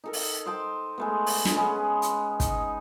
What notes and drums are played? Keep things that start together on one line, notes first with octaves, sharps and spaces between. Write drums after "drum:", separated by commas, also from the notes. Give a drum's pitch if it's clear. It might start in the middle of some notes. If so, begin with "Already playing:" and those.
D#4 A4 A#4
drum: open hi-hat
C5 D#5 G5 A5
G#3 A3 B3
drum: open hi-hat
drum: snare
G#3 B3 C#4
drum: hi-hat
D#4, drum: kick, hi-hat